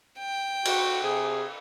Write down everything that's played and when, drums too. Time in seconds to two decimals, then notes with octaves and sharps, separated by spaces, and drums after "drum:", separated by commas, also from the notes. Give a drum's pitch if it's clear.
0.19 G5
0.65 F#4, drum: cymbal
1.02 C3 G#4